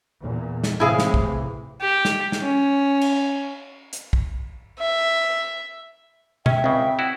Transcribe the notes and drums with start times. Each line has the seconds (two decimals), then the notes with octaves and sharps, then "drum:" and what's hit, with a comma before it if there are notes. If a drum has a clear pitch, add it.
0.23 E2 A#2
0.64 drum: snare
0.80 A2 C3 E3 E4 G#4 F5
0.99 drum: snare
1.14 drum: kick
1.81 G4
2.05 drum: snare
2.32 drum: snare
2.43 C#4
3.01 drum: cymbal
3.93 drum: hi-hat
4.13 drum: kick
4.79 E5
6.46 C#4 E5 G5, drum: tom
6.64 C#2 C#3 C4
6.99 E4 F#4